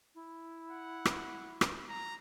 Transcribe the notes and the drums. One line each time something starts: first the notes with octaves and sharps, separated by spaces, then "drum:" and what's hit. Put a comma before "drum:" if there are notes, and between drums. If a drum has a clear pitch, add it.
E4
F#5
drum: rim click
drum: rim click
A#5